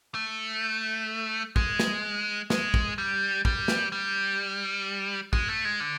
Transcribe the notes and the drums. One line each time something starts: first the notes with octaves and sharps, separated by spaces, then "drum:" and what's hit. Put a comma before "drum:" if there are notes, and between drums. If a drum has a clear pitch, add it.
A3
G#3, drum: kick
drum: snare
G#3, drum: snare
drum: kick
G3
G3, drum: kick
drum: snare
G3
G#3, drum: kick
A3
G#3
D3